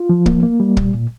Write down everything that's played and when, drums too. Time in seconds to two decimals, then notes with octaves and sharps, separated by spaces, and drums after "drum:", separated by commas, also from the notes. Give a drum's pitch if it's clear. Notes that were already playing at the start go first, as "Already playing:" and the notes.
Already playing: F4
0.09 F3
0.26 A#3, drum: kick
0.43 A#3
0.60 G3
0.77 A#2, drum: kick
0.94 A#2